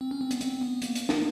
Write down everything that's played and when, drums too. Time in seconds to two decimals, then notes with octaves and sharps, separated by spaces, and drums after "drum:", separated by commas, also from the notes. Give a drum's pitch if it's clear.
0.01 C4
0.11 C#4
0.21 C4
0.31 B3, drum: hi-hat
0.41 C4, drum: hi-hat
0.61 B3
0.82 A#3, drum: hi-hat
0.95 drum: hi-hat
1.09 drum: snare